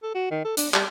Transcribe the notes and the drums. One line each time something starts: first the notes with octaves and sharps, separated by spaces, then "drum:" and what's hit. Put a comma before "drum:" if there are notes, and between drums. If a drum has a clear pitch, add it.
A4
F#4
D#3
A4
D4, drum: hi-hat
G3, drum: clap